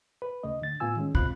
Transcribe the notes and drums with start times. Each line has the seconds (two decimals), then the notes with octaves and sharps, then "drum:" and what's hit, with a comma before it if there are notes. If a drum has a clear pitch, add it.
0.22 B4
0.43 D2 C#3 A3 D#5
0.62 D3 A6
0.80 A2 B3 F4 G#5 E6
0.96 D#3 G#3 C#4
1.15 G#2 B2 C4 F4 B5 F#6, drum: kick